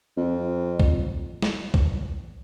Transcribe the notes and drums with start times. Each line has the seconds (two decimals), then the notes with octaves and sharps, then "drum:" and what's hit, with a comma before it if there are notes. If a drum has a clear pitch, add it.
0.17 F2
0.80 drum: kick
1.42 drum: snare
1.74 drum: kick